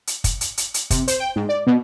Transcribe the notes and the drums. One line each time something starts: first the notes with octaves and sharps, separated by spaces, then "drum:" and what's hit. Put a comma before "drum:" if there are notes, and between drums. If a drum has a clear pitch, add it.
drum: hi-hat
drum: kick, hi-hat
drum: hi-hat
drum: hi-hat
drum: hi-hat
C3, drum: kick, hi-hat
C5, drum: hi-hat
G5
G#2
D5
B2